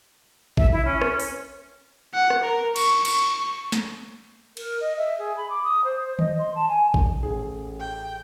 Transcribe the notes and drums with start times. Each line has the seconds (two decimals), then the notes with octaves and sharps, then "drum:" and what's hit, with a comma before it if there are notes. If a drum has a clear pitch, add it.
0.57 E5, drum: kick A1
0.72 E4
0.85 C#4
1.02 drum: rim click
1.20 drum: open hi-hat
2.14 F#5
2.30 drum: rim click
2.44 A#4
2.76 C#6, drum: cymbal
3.05 C#6, drum: cymbal
3.72 drum: snare
4.57 A#4, drum: cymbal
4.81 D#5
4.98 E5
5.18 G#4
5.37 B5
5.50 D6
5.64 D#6
5.85 C5
6.19 D#5, drum: tom D#3
6.39 C6
6.55 A5
6.69 G#5
6.94 drum: kick A1
7.23 A1 G#4
7.80 G5